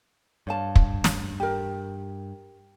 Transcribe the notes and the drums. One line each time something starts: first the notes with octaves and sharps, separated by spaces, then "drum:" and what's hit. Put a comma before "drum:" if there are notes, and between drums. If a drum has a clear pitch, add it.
G2 C#5 F5 A5
drum: kick
drum: snare
G4 A#4